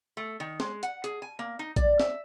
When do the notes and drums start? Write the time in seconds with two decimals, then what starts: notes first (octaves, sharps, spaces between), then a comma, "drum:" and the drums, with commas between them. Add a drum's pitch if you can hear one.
0.17 A3
0.40 D#3
0.60 G#3, drum: snare
0.83 F#5, drum: hi-hat
1.04 G#4, drum: hi-hat
1.22 G#5
1.39 A#3
1.59 D#4
1.76 D5, drum: kick A#1, hi-hat
2.00 E5, drum: snare